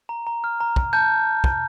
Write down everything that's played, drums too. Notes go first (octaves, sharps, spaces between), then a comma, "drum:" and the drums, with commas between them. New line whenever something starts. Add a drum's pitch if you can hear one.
A#5
A#5
F6
A#5
A#5, drum: kick
A5 G6
drum: kick